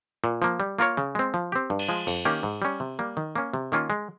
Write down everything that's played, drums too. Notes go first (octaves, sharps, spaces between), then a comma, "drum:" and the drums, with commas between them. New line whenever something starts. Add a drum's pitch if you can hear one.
A#2
F3 A#3
G3
A#3 F4 A#4 C#5
C#3
G#3 C4
F3
C4 G4
G2
drum: cymbal
F3 G#3
F2, drum: cymbal
D#3 A#3 C#4 G4
G#2
G3 C#4
C3
G3 A#3
D#3
A#3 C#4
C3
D#3 A#3 C#4 F4
G#3